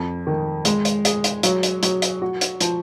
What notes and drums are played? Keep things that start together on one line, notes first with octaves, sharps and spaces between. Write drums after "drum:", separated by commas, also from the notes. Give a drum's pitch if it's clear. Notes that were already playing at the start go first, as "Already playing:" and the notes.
Already playing: F2
D#3
G#3, drum: hi-hat
drum: hi-hat
G#4, drum: hi-hat
drum: hi-hat
F#3, drum: hi-hat
drum: hi-hat
F#3, drum: hi-hat
drum: hi-hat
F#4
drum: hi-hat
F3, drum: hi-hat